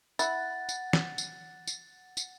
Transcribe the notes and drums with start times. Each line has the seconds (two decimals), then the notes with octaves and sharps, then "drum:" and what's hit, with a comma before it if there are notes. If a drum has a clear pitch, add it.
0.19 E4 F#5 A6, drum: tambourine
0.69 drum: tambourine
0.93 drum: snare
1.18 drum: tambourine
1.68 drum: tambourine
2.17 drum: tambourine